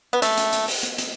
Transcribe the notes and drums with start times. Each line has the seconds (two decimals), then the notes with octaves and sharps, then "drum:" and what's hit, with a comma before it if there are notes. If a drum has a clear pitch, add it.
0.13 B3
0.22 A3, drum: hi-hat
0.37 drum: hi-hat
0.53 drum: hi-hat
0.68 drum: open hi-hat
0.83 drum: hi-hat
0.98 drum: hi-hat